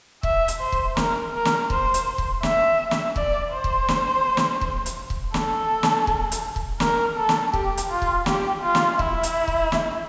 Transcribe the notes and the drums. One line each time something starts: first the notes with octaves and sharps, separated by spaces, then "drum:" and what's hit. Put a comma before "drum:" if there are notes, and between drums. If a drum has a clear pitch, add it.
E5, drum: kick
drum: hi-hat
C5
drum: kick
A#4, drum: snare
A#4
drum: snare
C5, drum: kick
drum: hi-hat
drum: kick
E5, drum: snare
drum: snare
D5, drum: kick
C5
drum: kick
drum: snare
drum: snare
drum: kick
drum: hi-hat
drum: kick
A4, drum: snare
drum: snare
drum: kick
drum: hi-hat
drum: kick
A#4, drum: snare
A4
drum: snare
G4, drum: kick
drum: hi-hat
F4
drum: kick
G4, drum: snare
F4
drum: snare
E4, drum: kick
drum: hi-hat
drum: kick
drum: snare